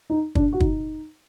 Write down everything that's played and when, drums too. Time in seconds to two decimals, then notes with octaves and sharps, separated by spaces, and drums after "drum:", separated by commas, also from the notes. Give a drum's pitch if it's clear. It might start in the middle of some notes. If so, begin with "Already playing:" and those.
0.10 D#4
0.35 D4, drum: kick
0.53 F#4
0.60 D#4, drum: kick